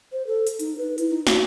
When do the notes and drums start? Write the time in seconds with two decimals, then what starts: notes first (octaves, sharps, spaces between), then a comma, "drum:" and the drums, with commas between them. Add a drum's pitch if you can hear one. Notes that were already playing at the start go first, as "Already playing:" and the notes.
0.12 C5
0.27 A4
0.47 drum: hi-hat
0.59 D#4, drum: hi-hat
0.78 B4
0.98 E4, drum: hi-hat
1.10 D#4
1.27 F#4, drum: snare